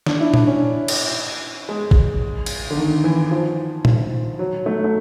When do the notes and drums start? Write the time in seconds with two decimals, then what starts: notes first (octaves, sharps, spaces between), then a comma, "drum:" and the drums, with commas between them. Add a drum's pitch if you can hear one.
0.06 D4, drum: snare
0.20 E4
0.34 D4, drum: tom A#2
0.47 C#4
0.88 drum: cymbal
1.69 G#3
1.91 drum: kick G#1
2.46 drum: cymbal
2.70 D3
2.77 D#3
3.04 E3
3.31 F3
3.85 drum: tom A#2
4.39 F#3
4.66 A3
4.84 A3